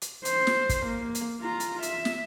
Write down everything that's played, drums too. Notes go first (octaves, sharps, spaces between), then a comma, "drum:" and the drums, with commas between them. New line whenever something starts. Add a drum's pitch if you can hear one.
drum: hi-hat
C5, drum: hi-hat
drum: snare
drum: kick, hi-hat
A#3
drum: hi-hat
F4 A#5
drum: hi-hat
E5, drum: hi-hat
drum: snare